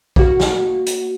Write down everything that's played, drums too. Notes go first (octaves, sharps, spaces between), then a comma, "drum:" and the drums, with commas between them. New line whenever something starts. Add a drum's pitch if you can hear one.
A#3 F#4, drum: kick A#1
drum: snare
drum: hi-hat